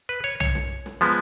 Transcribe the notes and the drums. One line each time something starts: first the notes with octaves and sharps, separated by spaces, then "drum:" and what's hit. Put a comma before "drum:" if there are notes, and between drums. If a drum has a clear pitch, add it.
B4
C#5
C#5, drum: tom
drum: snare
drum: snare
F3 G#3 B3, drum: open hi-hat